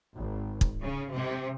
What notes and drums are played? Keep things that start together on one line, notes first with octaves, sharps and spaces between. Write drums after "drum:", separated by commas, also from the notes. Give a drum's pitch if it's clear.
G#1
drum: kick
C#3
C3